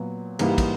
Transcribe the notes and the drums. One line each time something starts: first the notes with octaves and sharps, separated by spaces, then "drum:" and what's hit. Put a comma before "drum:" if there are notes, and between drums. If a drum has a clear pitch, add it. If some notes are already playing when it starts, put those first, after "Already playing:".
Already playing: A#2 F#3 B3
G#2 E3 G3 A#3, drum: cymbal
drum: kick, cymbal